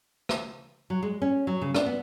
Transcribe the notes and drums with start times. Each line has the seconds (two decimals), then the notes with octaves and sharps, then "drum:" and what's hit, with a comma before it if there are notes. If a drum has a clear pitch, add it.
0.29 drum: rim click
0.90 F#3
1.03 G#3
1.22 C#4
1.47 F#3
1.61 C#3
1.74 D4, drum: rim click
1.86 B3